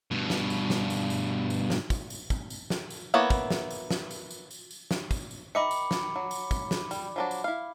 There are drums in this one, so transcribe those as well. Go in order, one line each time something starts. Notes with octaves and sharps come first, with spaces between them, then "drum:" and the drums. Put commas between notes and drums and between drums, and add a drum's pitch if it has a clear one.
G2 B2
drum: snare
drum: tambourine
drum: snare
drum: tambourine
drum: tambourine
drum: tambourine
drum: snare
drum: kick, tambourine
drum: tambourine
drum: kick, tambourine
drum: tambourine
drum: snare
drum: tambourine
A#3 B3 E4 C#5
drum: kick, tambourine
drum: snare
drum: tambourine
drum: snare
drum: tambourine
drum: tambourine
drum: tambourine
drum: tambourine
drum: snare
drum: kick, tambourine
drum: tambourine
D#3 D#5 E5 B5 D6 C#7
drum: tambourine
drum: snare
F#3
drum: tambourine
drum: kick, tambourine
drum: snare
G3, drum: tambourine
F3 F#3 D4
drum: tambourine
E4 F5